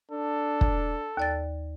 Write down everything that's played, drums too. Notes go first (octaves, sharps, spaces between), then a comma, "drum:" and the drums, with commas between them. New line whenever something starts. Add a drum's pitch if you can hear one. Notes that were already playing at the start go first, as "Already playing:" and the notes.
D4 A4
drum: kick
D#2 D5 A6